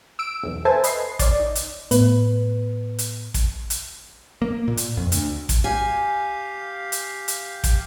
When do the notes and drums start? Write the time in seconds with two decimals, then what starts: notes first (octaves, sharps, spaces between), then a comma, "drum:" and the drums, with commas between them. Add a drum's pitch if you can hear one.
0.19 E6 D7
0.43 B1 E2
0.65 A4 B4 C5 E5 G#5 A5
0.84 B4 D#5 C7, drum: hi-hat
1.19 C#4 D5, drum: kick, hi-hat
1.39 D#4
1.55 drum: hi-hat
1.91 A2 B3 B4, drum: hi-hat
2.99 drum: hi-hat
3.34 drum: kick, hi-hat
3.70 drum: hi-hat
4.42 A#3
4.68 A#2
4.77 drum: hi-hat
4.97 F2
5.12 D2, drum: hi-hat
5.49 drum: kick, hi-hat
5.64 G4 F5 G#5
6.92 drum: hi-hat
7.28 drum: hi-hat
7.64 drum: kick, hi-hat